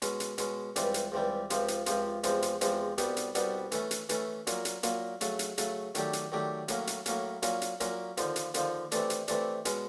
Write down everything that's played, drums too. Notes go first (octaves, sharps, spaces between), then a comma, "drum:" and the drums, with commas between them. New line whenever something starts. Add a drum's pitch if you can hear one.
B2 G#3 C#4, drum: hi-hat
drum: hi-hat
B2 G#3 C#4, drum: hi-hat
C#2 C3 E3 G3, drum: hi-hat
drum: hi-hat
C#2 C3 E3 G3
C#2 C3 F3, drum: hi-hat
drum: hi-hat
C#2 C3 F3, drum: hi-hat
E2 C3 F3 G#3, drum: hi-hat
drum: hi-hat
E2 C3 F3 G#3, drum: hi-hat
C2 B2 G3 B3, drum: hi-hat
drum: hi-hat
C2 B2 G3 B3, drum: hi-hat
E3 A3 C#4, drum: hi-hat
drum: hi-hat
E3 A3 C#4, drum: hi-hat
A#2 F#3 A#3, drum: hi-hat
drum: hi-hat
A#2 F#3 A#3, drum: hi-hat
C#3 F#3 A3, drum: hi-hat
drum: hi-hat
C#3 F#3 A3, drum: hi-hat
D#3 F#3 A3 D4 G4, drum: hi-hat
drum: hi-hat
D#3 F#3 A3 D4 G4
A2 F#3 A#3 C#4, drum: hi-hat
drum: hi-hat
A2 F#3 A#3 C#4, drum: hi-hat
A#2 F#3 A#3 C#4, drum: hi-hat
drum: hi-hat
A#2 F#3 A#3 C#4, drum: hi-hat
D#2 D3 F3, drum: hi-hat
drum: hi-hat
D#2 D3 F3, drum: hi-hat
C3 E3 A3 D4, drum: hi-hat
drum: hi-hat
C3 E3 A3 D4, drum: hi-hat
B2 G#3 C#4, drum: hi-hat